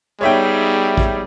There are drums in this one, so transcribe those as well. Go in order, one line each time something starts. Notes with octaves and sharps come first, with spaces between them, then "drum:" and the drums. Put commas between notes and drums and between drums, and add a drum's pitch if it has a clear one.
G3 B3 D#4 G#4 C#5 E5 G5
drum: kick